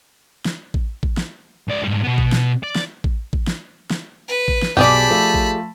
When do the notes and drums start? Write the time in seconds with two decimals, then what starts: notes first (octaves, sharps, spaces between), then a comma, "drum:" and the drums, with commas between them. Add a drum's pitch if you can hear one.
0.45 drum: snare
0.74 drum: kick A1
1.03 drum: kick A1
1.17 drum: snare
1.69 C#2 D5
1.84 G#2 G3
2.04 B2 B3
2.18 drum: kick A1
2.32 drum: snare
2.63 D5
2.75 drum: snare
3.04 drum: kick A1
3.33 drum: kick A1
3.47 drum: snare
3.90 drum: snare
4.28 B4
4.48 drum: kick A1
4.62 drum: snare
4.77 B1 B2 G4 G#4 D5 A5 B5
5.10 F3 A3
5.34 drum: kick A1